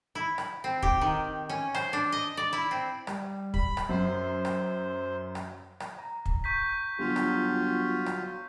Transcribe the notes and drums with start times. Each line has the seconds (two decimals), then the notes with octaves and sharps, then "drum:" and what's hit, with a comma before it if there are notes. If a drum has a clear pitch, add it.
0.15 E4
0.38 drum: rim click
0.64 C4
0.83 G4, drum: kick
1.01 D#3
1.49 C#4
1.75 C5, drum: rim click
1.93 D4
2.12 D#5
2.37 D5
2.53 E4
2.71 C4
3.07 G3, drum: rim click
3.54 B5, drum: kick
3.77 drum: rim click
3.89 F#2 C5
4.45 drum: rim click
5.35 drum: rim click
5.80 drum: rim click
5.98 A#5
6.26 drum: kick
6.44 C#6 G6 B6
6.99 G1 F#3 F4 G4
7.16 drum: rim click
8.06 drum: rim click